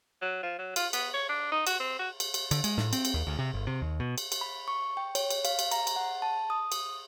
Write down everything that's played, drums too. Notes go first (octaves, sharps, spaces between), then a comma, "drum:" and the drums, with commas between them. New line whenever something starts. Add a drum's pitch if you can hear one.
F#3
F3
F#3
F4, drum: cymbal
B3, drum: cymbal
C#5
D4
D#4
F#4, drum: cymbal
C4
F#4
drum: cymbal
drum: cymbal
D3, drum: cymbal
G#3, drum: cymbal
A2, drum: snare
C4, drum: cymbal
drum: cymbal
D#2
D2
C3
G1
C3
D#2
B2
drum: cymbal
drum: cymbal
B5
C#6
G5
C#5, drum: cymbal
drum: cymbal
F5, drum: cymbal
drum: cymbal
A#5, drum: cymbal
drum: cymbal
F#5
A5
D#6
drum: cymbal